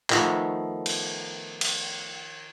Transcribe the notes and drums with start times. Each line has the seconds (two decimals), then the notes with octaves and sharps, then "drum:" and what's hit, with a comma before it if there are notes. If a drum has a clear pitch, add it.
0.10 D#3 F3 A3 B3, drum: clap
0.86 drum: cymbal
1.61 drum: cymbal